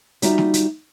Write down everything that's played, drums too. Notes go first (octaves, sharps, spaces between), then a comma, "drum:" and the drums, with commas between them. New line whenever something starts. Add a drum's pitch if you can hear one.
G3 D#4 F4 F#4 E5, drum: hi-hat
drum: snare
drum: hi-hat